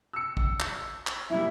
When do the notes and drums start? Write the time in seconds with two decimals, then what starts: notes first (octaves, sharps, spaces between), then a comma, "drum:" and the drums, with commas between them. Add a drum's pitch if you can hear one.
0.13 E6 C#7
0.37 drum: kick
0.60 drum: clap
1.07 drum: clap
1.30 F#2 A#2 G3 E4 E5